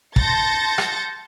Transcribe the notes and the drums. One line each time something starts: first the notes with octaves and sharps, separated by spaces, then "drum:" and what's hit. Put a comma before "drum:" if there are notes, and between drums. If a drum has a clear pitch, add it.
A5 C6 G6 A6 A#6 C#7, drum: kick
drum: rim click